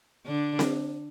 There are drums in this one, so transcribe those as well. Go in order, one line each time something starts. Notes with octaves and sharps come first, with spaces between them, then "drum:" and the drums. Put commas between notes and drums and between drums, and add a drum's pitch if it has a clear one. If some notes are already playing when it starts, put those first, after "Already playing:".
D3 D4
drum: snare C4